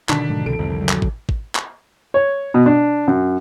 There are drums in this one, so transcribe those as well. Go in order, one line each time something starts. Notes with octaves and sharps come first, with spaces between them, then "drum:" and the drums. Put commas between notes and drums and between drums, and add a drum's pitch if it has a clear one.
B2 D3 D#3 D4 B6, drum: clap
G#2 D3 F3
C2 A4 D7
C2 F2
C#3 F#3
drum: clap
drum: kick G#1
drum: kick G#1
drum: clap
C#5
B2
D4
F#2